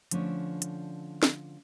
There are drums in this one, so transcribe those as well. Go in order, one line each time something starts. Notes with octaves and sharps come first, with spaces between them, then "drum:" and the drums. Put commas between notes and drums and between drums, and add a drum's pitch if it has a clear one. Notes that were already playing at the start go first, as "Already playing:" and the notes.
D3 F3 A3 C#4 D4, drum: hi-hat
drum: hi-hat
drum: snare